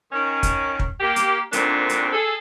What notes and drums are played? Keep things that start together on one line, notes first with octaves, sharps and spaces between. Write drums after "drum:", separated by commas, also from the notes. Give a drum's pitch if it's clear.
D#3 C#4
drum: kick, hi-hat
drum: kick
A#3 G4
drum: hi-hat
D2 A#2 D#3 C4 D4, drum: hi-hat
drum: hi-hat
G#4 A4